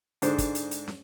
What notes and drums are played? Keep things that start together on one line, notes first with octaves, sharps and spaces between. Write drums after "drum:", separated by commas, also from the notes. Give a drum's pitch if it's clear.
G#2 D3 G#3 D4 C5, drum: hi-hat
drum: kick, hi-hat
drum: hi-hat
drum: hi-hat
drum: snare